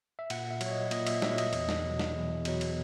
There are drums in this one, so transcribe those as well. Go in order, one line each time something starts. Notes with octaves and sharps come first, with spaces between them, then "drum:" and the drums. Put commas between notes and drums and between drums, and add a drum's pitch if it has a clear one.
E5
A#2 F#5, drum: cymbal
E5
F#3, drum: cymbal
C#5
D#5
A#2 D#5, drum: cymbal
E5, drum: cymbal
F#3 E5, drum: snare
D#5, drum: cymbal
E2, drum: cymbal
drum: snare
B2 F#3
drum: snare
E2
B2 F#3, drum: cymbal
drum: cymbal